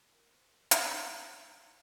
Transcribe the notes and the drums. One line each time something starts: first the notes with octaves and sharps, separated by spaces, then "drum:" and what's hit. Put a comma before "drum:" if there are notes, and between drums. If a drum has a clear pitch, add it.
A#4 A#5
C5 C6
drum: hi-hat
D5 D6